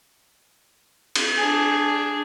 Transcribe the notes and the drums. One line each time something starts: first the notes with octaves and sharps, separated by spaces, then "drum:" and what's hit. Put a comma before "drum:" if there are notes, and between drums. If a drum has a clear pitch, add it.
drum: cymbal
D4 G#4